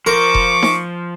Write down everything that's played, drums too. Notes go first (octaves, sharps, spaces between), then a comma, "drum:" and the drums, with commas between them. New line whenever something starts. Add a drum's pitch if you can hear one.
F3 A#4 C5 C#6 D6
drum: kick E1
drum: snare D#4